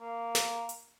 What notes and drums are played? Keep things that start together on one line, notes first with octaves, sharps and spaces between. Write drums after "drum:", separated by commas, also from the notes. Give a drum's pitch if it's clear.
A#3
drum: snare
drum: hi-hat